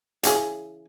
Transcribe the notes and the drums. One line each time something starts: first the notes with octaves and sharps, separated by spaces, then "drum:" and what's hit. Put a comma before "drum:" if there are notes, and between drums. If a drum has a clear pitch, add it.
C#3 E3 G#4, drum: hi-hat